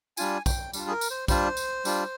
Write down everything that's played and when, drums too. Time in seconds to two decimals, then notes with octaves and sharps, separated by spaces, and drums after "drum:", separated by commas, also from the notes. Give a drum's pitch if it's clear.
0.17 G3 D4 F4 G#5, drum: tambourine
0.46 G5, drum: kick, tambourine
0.73 G3 D4 F4, drum: tambourine
0.88 G#4
0.91 A#4
1.01 drum: tambourine
1.10 C5
1.28 G3 D4 F4 C5, drum: kick, tambourine
1.57 drum: tambourine
1.85 G3 D4 F4, drum: tambourine